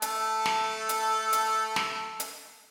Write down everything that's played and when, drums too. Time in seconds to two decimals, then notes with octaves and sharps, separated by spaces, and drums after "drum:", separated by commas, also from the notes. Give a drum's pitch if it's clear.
0.02 A3 A4, drum: hi-hat
0.46 drum: snare
0.89 drum: hi-hat
1.33 drum: hi-hat
1.76 drum: snare
2.20 drum: hi-hat